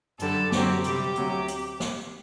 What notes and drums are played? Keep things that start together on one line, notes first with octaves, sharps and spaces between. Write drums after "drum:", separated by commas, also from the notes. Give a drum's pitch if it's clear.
F#2 D3 G3 A4, drum: hi-hat
F#2 D3 F#3 C4 G4, drum: snare
C3 G3 C4, drum: hi-hat
D2 C3 F#3, drum: hi-hat
drum: hi-hat
drum: snare